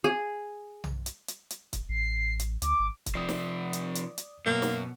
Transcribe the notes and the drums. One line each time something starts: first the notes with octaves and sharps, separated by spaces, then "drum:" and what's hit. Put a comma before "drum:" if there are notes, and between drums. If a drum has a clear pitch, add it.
G#4
drum: tom B1
drum: hi-hat
drum: hi-hat
drum: hi-hat
drum: kick, hi-hat
A1 C7
drum: hi-hat
D2 D6, drum: hi-hat
G#1
drum: kick, hi-hat
C3 F3 D5 D#6
drum: snare
drum: hi-hat
drum: hi-hat
drum: hi-hat
F#2 B2 A#3
drum: snare